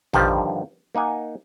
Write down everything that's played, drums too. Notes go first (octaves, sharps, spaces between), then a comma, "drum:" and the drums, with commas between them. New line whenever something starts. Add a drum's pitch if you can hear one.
G2 D3 D#3 F3 G3, drum: tom A1
A#3 D#4 F#5 G#5